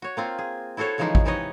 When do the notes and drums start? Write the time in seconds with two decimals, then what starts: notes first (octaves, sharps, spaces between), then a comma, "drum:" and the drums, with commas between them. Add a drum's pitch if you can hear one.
0.02 F#4 C#5
0.17 A#3 C4 F4
0.38 G#4
0.77 E4 F#4 A4 C5 C#5
0.98 C#3 E3 F3 G#3 D#4 G#4
1.15 drum: kick A1
1.25 C3 E3 D#4 B4 C#5 D#5